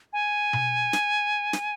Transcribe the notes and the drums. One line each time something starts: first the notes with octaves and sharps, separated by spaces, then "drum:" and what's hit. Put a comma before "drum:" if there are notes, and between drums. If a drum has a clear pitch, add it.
G#5
drum: tom B2
drum: snare
drum: snare